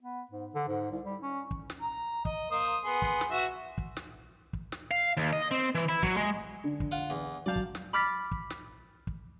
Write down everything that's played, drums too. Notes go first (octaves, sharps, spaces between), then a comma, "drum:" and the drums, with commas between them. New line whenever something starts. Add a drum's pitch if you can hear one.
B3
G#2
D3
G#2
C2
G3
C#4
drum: kick
drum: snare
A#5
D#5, drum: kick
A#3 C5 D#6
B3 G#4 C6
drum: kick
drum: snare
F#4 E5
drum: kick
drum: snare
drum: kick
drum: snare
F5
D#2
D#5
C4
E3
E4
F#3, drum: kick
G#3
D3
drum: kick
F4 F5 F#5
E2
F#3 D5 F5 A5 G6
drum: kick
drum: snare
B5 D6 F6 A6 B6
drum: kick
drum: snare
drum: kick